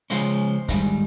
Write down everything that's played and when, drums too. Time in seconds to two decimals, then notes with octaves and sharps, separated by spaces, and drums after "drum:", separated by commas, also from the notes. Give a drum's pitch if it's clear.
0.10 C#3 F3 G#3 C#4 C5, drum: hi-hat
0.68 G#2 D#3 G3, drum: kick, hi-hat